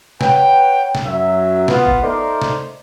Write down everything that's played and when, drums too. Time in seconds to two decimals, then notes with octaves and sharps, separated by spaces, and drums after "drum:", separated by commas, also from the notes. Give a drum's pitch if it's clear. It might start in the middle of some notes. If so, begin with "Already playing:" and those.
0.21 B4 C#5 F#5 G5, drum: snare
0.95 drum: snare
1.05 F#2 F#3 E5
1.68 B3 F4, drum: snare
1.86 drum: kick G1
2.03 A3 D#4 A#4 C5 D5
2.42 drum: snare